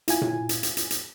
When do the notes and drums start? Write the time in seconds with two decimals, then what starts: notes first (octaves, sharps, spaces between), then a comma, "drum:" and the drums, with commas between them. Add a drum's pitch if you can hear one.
0.08 E4 F4 G#5, drum: hi-hat
0.21 drum: tom A#2
0.49 drum: hi-hat
0.63 drum: hi-hat
0.77 drum: hi-hat
0.91 drum: hi-hat